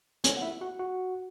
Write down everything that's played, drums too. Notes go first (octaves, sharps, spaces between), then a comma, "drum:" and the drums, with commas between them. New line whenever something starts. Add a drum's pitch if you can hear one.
C#4 C#5, drum: hi-hat
F#5
E4 E5
F#4 F#5
F#4 F#5